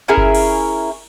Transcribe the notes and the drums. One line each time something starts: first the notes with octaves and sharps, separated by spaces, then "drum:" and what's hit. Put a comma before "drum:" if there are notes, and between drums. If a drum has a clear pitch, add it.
C#4 E4 G#4 A#4
drum: kick G1
drum: cymbal